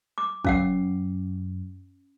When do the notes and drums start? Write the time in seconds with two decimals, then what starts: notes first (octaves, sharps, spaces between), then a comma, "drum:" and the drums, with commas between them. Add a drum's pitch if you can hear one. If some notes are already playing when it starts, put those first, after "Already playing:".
0.18 D6
0.45 F#2 C#4 F5 F#5, drum: kick